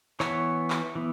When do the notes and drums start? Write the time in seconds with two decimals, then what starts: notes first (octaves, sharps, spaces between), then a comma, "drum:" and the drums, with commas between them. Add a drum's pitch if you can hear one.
0.20 E3 B3 C#5, drum: clap
0.70 drum: clap
0.95 E3 B3